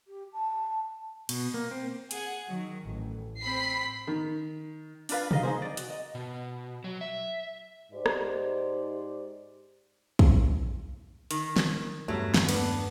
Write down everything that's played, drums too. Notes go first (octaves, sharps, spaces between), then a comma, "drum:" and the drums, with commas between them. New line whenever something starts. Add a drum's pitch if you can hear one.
G4
A5
B2, drum: cymbal
A#3
C4
G#4 F#5, drum: hi-hat
D#3 F#3
A1
C4 B5 B6 C7
D#3
D4 F4 B4 F5, drum: open hi-hat
D#4 D#5 F5, drum: tom B2
D#4 G#4 C5
D5 D#5
F#4, drum: hi-hat
D#5
B2
F#3
E5
G#2 D#4 G4 C5 D5
drum: rim click
drum: kick
D#3, drum: hi-hat
drum: snare
E2 G2 B2 F#3 A3
drum: snare
B3 D4, drum: cymbal